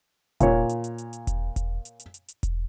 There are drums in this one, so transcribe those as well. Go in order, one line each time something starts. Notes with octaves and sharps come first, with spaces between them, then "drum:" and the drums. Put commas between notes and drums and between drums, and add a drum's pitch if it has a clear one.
A#2 C#5, drum: kick E1, hi-hat
drum: hi-hat
drum: hi-hat
drum: hi-hat
drum: hi-hat
drum: kick E1, hi-hat
drum: kick E1, hi-hat
drum: hi-hat
drum: hi-hat
drum: hi-hat
drum: hi-hat
drum: kick E1, hi-hat